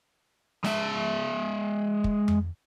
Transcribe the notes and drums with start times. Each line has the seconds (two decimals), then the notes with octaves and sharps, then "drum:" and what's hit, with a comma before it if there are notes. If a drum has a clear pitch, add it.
0.64 G#3 E5, drum: snare
2.04 drum: kick
2.28 drum: tom F2